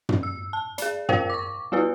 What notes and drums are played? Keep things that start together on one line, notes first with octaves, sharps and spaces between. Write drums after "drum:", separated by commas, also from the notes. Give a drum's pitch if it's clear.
drum: tom
E6
A5
G#4 D5, drum: hi-hat
F4 A#4 C5 F5 G5, drum: tom
C#6 D6
G3 B3 F4 F#4 B4